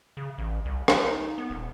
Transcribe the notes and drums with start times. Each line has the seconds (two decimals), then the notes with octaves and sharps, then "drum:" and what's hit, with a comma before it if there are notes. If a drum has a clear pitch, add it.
0.17 C#3
0.38 A1
0.65 C2
0.88 G#3, drum: rim click
1.04 D#4
1.38 B3
1.50 D#1